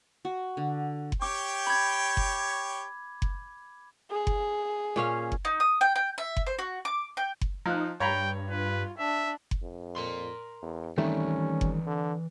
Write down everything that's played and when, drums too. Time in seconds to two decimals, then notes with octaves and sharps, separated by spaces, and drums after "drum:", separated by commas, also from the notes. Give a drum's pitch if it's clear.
0.25 F#4
0.57 D3
1.12 drum: kick F#1
1.22 G4 C#5 G5 D6
1.67 B5 G#6
2.17 drum: kick F#1
3.22 drum: kick F#1
4.11 G#4
4.27 drum: kick F#1
4.96 A#2 C#4 F5
5.32 drum: kick F#1
5.45 D#4
5.60 D#6
5.81 G5
5.96 G5
6.18 E5
6.37 drum: kick F#1
6.47 C5
6.59 F#4
6.85 D6
7.17 G5
7.41 drum: kick F#1
7.66 F3 D#4 F#6
8.00 G2 C#5 G5 A#5 B5
8.50 F4 B4
8.99 D4 E5
9.51 drum: kick F#1
9.63 F2
9.96 A#4 C6
10.62 E2
10.98 D#3 E3 G3 A3 C4 C#4
11.61 drum: kick F#1
11.87 D3